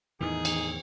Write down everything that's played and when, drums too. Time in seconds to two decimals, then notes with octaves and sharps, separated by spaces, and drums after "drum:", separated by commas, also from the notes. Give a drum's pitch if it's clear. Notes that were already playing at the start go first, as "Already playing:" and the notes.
0.21 E2 A2 D#3 E3 D#4 G#4
0.45 drum: cymbal